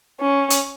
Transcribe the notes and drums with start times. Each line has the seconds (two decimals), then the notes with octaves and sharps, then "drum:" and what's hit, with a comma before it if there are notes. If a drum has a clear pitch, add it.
0.21 C#4
0.50 drum: hi-hat